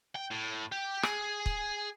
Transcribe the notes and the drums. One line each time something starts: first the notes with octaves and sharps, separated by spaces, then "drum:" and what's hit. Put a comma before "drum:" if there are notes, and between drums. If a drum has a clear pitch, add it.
G5
A2
G4
G#4, drum: rim click
drum: kick